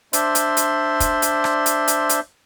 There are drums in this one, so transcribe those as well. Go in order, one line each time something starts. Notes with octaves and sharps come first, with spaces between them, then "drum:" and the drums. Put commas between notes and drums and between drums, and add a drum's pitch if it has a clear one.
D4 C5 D5 E5 C6, drum: hi-hat
drum: hi-hat
drum: hi-hat
drum: kick, hi-hat
drum: hi-hat
drum: rim click
drum: hi-hat
drum: hi-hat
drum: hi-hat